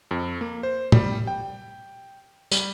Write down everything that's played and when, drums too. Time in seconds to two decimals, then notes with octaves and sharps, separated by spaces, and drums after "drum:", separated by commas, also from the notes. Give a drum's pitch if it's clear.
0.11 F2
0.41 A#3
0.63 C5
0.92 G3, drum: tom A2
1.27 G5
2.51 G3, drum: tambourine